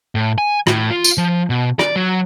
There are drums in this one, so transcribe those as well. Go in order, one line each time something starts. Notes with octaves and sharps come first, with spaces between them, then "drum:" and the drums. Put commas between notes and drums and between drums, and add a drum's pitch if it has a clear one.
A2
G#5
A2, drum: rim click
F4
drum: tambourine
F3
B2
D5, drum: rim click
F#3